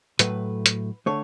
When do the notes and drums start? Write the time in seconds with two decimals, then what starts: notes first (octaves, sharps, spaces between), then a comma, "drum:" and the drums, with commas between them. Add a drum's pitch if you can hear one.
0.19 A2 F#3 A3 B4, drum: hi-hat
0.66 drum: hi-hat
1.06 D3 A3 C#5